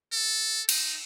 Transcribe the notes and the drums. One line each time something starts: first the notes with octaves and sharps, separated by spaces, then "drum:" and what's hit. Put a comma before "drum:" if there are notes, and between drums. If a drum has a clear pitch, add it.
A4
D#4, drum: cymbal